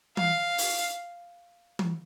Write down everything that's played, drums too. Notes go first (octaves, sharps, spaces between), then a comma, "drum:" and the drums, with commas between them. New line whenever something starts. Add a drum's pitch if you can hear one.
F5, drum: tom E3
drum: open hi-hat
drum: tom E3